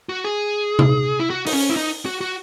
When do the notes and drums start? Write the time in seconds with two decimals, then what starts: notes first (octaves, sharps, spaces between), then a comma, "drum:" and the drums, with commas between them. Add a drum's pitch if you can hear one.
0.09 F#4
0.25 G#4
0.79 drum: tom C3
1.20 E4
1.30 F#4
1.46 D#4, drum: open hi-hat
1.53 C#4
1.70 E4
1.76 D#4
2.06 F#4
2.21 F#4